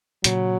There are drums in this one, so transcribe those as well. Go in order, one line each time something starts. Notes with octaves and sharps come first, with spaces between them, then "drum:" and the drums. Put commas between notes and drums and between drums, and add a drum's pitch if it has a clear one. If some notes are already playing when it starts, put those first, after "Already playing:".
A#2 C#3 F#3, drum: hi-hat